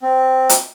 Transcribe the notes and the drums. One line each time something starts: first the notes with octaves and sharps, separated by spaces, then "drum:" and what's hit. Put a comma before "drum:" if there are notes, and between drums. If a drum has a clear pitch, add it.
C4
drum: hi-hat